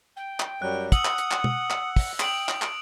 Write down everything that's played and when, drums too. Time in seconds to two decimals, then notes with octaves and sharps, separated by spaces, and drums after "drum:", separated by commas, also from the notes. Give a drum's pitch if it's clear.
0.16 G5
0.40 drum: clap
0.62 F#2 F#3 G3 F#6
0.92 F#5 D#6 E6 C#7 F#7, drum: kick, hi-hat
1.05 drum: clap
1.18 drum: hi-hat
1.31 drum: clap
1.44 drum: tom
1.70 drum: clap
1.96 drum: kick, open hi-hat
2.20 G5 D#6 D7 F#7, drum: clap
2.49 drum: clap
2.62 drum: clap